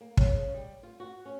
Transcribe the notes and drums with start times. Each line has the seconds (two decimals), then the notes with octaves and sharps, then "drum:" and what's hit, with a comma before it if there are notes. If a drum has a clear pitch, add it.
0.01 A#3
0.17 C#3, drum: kick
0.37 C#3
0.54 G3
0.83 F4
1.00 F#4
1.25 C#4